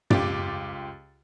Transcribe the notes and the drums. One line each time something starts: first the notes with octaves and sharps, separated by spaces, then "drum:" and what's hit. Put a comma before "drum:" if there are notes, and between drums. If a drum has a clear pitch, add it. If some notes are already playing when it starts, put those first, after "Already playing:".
C#2 F4 G4 D6 A6, drum: tom